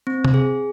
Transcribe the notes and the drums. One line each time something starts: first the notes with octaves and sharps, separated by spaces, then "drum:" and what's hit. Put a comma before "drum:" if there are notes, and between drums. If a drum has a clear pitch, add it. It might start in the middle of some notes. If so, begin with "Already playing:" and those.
C4
drum: tom C3
G#4